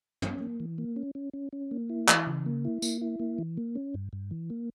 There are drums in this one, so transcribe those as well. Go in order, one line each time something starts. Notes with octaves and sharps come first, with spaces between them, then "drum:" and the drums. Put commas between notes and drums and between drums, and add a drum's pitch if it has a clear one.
C#4, drum: tom
A#3
E3
A#3
C#4
C#4
C#4
C#4
A#3
E4
E3, drum: clap
C#3
A#3
E4
A#3, drum: tambourine
E4
A#3
E3
A#3
C#4
G2
G2
E3
A#3